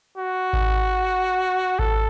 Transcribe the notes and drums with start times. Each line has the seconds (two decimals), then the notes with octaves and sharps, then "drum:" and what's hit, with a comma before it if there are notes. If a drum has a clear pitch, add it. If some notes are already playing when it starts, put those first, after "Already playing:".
0.17 F#4
0.53 drum: kick G#1
1.79 A4, drum: kick G#1